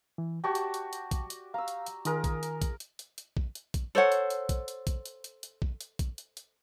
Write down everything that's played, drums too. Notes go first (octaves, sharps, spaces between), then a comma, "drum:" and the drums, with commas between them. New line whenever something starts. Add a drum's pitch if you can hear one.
E3
F#4 G4 D5 G5 A5 C#6
drum: hi-hat
drum: hi-hat
drum: hi-hat
drum: kick A#1, hi-hat
drum: hi-hat
F5 A#5 E6
drum: hi-hat
drum: hi-hat
D#3 F4 G#4 A#4, drum: hi-hat
drum: kick A#1, hi-hat
drum: hi-hat
drum: kick A#1, hi-hat
drum: hi-hat
drum: hi-hat
drum: hi-hat
drum: kick A#1
drum: hi-hat
drum: kick A#1, hi-hat
A4 C5 C#5 F#5
drum: hi-hat
drum: hi-hat
drum: kick A#1, hi-hat
drum: hi-hat
drum: kick A#1, hi-hat
drum: hi-hat
drum: hi-hat
drum: hi-hat
drum: kick A#1
drum: hi-hat
drum: kick A#1, hi-hat
drum: hi-hat
drum: hi-hat